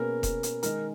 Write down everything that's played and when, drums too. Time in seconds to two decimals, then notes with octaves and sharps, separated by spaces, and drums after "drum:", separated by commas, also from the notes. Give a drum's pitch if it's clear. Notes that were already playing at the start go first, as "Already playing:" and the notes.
Already playing: B2 A#3 C#4 G#4 A#4 B4
0.23 drum: kick E1, hi-hat
0.43 drum: hi-hat
0.63 D#3 G#3 D#4 A#4, drum: hi-hat